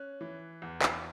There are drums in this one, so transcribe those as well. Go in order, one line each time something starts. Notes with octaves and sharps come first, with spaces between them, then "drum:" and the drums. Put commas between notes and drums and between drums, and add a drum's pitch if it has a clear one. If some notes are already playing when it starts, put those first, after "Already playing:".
Already playing: C#4 F#6
E3
E2
drum: clap